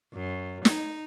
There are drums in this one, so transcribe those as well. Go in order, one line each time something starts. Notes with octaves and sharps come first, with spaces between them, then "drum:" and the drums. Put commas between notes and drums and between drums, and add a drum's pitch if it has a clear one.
F#2
D#4, drum: snare